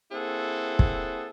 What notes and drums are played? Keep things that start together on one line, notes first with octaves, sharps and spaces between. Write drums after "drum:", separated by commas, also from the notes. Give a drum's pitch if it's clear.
A#3 C4 E4 G#4 A4 F#5
drum: kick